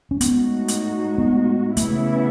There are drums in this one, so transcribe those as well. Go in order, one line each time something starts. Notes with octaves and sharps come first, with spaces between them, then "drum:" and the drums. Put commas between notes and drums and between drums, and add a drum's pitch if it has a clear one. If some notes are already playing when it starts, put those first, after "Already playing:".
C#4
A2 G#3 B3 D#4 F#4, drum: hi-hat
drum: hi-hat
B3
C#3 E3 A3 B3 E4, drum: hi-hat